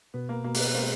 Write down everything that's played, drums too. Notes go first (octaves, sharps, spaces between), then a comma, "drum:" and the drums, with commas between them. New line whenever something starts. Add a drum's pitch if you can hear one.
B2 B3
A#3
B2 A#3
A#3, drum: open hi-hat
B3
G#3 A#3 C4